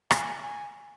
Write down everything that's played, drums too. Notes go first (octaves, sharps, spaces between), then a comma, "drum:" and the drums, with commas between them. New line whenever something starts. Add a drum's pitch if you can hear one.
G#5, drum: rim click
G#5